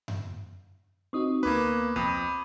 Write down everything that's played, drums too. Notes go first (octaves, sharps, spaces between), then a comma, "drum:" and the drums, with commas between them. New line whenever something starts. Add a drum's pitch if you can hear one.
drum: tom F#2
C4 D#4 F#4 C#6 D#6
D2 A#3 B3 B4 B5 D6 G#6
F2 B5 D#6 D#7, drum: kick